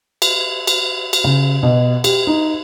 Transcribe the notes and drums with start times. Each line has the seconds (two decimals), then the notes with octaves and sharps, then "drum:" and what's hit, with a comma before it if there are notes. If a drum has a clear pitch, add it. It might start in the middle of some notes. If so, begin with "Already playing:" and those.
0.22 drum: cymbal
0.67 drum: cymbal
1.13 drum: cymbal
1.24 C#3
1.63 B2
2.04 G4, drum: cymbal
2.27 D#4